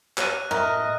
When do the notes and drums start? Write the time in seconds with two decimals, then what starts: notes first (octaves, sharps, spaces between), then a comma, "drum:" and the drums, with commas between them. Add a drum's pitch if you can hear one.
0.18 C#5 F#6 D#7, drum: clap
0.51 A2 A#4 D#5